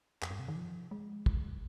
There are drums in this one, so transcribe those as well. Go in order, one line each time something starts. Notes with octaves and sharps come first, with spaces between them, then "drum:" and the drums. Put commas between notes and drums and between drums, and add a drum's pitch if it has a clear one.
F2, drum: clap
G2
C3
D#3
F3
G#3
drum: kick